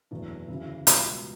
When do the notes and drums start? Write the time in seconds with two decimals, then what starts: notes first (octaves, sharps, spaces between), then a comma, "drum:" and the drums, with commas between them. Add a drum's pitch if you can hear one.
0.11 F#1 E2 B2 A3 D4
0.48 D2 C#3 E3
0.87 C#2 B2 G3, drum: hi-hat